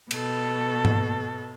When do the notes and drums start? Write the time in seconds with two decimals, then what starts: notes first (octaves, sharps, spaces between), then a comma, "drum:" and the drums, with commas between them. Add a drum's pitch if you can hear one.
0.11 B2 A4, drum: cymbal
0.85 drum: tom G#2